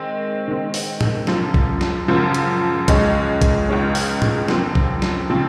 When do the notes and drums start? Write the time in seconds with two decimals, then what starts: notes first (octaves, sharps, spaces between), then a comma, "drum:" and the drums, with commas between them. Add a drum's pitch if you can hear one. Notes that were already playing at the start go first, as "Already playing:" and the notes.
Already playing: D#3 G#3 C4
0.48 D#3 G#3 C4
0.74 drum: open hi-hat
1.01 drum: tom A2
1.27 F#2 C#3 F3, drum: snare
1.54 drum: kick A#1
1.81 drum: snare
2.08 F#2 C#3 F3
2.34 drum: hi-hat
2.88 C#2 C#3 G#3 C#4 G#4, drum: kick A#1, hi-hat
3.41 drum: kick A#1, hi-hat
3.68 C#2 C#3 G#3 C#4 G#4
3.95 drum: open hi-hat
4.22 drum: tom A2
4.48 F#2 C#3 F3 C4, drum: snare
4.75 drum: kick A#1
5.02 drum: snare
5.30 C#3 F3 C4